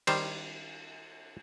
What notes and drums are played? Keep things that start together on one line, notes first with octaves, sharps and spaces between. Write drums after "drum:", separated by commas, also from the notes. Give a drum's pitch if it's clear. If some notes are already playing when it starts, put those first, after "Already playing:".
D#3 G3 C5, drum: cymbal